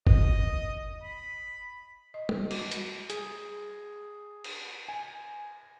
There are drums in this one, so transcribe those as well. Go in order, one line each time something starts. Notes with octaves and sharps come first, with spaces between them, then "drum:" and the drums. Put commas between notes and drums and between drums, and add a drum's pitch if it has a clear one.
D#5, drum: kick G1
B5
D#5
drum: tom
F#4, drum: cymbal
G3, drum: hi-hat
G#4, drum: hi-hat
drum: cymbal
G#5